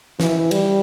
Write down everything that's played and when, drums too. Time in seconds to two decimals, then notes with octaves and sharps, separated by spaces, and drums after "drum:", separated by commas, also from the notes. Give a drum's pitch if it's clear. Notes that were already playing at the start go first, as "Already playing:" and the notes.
0.20 E3, drum: snare
0.51 G3, drum: cymbal